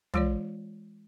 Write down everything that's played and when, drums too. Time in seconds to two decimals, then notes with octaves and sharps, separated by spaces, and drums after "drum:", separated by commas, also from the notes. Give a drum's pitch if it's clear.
0.14 E3 G#3 F4 C#5 D5, drum: tom